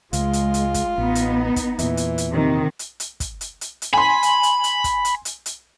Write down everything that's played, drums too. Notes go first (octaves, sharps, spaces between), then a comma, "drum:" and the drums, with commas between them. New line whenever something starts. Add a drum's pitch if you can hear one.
C#2 G#3 F4, drum: hi-hat
drum: hi-hat
drum: hi-hat
drum: kick, hi-hat
A1 B3 D#4
drum: hi-hat
drum: kick, hi-hat
E2 A#2 E3, drum: hi-hat
drum: hi-hat
drum: hi-hat
C3 D#3
drum: hi-hat
drum: hi-hat
drum: kick, hi-hat
drum: hi-hat
drum: hi-hat
drum: hi-hat
G#5 B5 C6
drum: hi-hat
drum: hi-hat
drum: hi-hat
drum: kick, hi-hat
drum: hi-hat
drum: hi-hat
drum: hi-hat